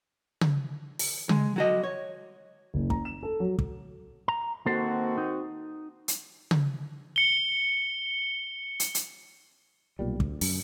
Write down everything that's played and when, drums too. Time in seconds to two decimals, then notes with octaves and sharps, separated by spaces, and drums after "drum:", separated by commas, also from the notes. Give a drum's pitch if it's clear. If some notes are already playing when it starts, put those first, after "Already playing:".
0.41 drum: tom C#3
0.99 drum: open hi-hat
1.29 G#3, drum: tom C#3
1.56 F#3 F#4 D#5
1.84 C#5
2.74 F#1
2.90 A#5, drum: kick
3.05 E7
3.23 A4
3.40 F#3
3.59 drum: kick
4.28 A#5
4.66 D#3 A#3 C4 F#4 A4 C5
5.18 D#4
6.08 drum: hi-hat
6.51 drum: tom C#3
7.16 C#7 G7
8.80 drum: hi-hat
8.95 drum: hi-hat
9.99 B1 A#2 G3
10.20 D2, drum: kick
10.41 F#2, drum: open hi-hat